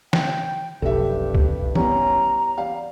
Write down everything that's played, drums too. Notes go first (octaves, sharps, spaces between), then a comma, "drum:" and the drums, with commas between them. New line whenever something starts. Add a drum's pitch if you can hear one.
G5, drum: snare
F1 B1 G2 G4 A4 E5
drum: kick C2
E3 G3 B3 C#4 A#5, drum: tom
G3 F5